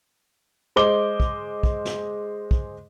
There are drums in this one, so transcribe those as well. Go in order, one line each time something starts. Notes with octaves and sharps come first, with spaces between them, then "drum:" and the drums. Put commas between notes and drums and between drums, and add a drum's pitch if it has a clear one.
G#3 C5 D#5 D6 G7
drum: kick
drum: kick
drum: snare
drum: kick